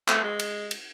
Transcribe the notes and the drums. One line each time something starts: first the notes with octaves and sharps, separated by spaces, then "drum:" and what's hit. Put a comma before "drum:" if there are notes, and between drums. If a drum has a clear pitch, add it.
A3, drum: clap
G#3
drum: cymbal
drum: cymbal